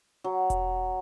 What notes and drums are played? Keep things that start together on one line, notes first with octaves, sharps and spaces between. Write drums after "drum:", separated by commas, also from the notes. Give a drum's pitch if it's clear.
F#3
drum: kick E1, hi-hat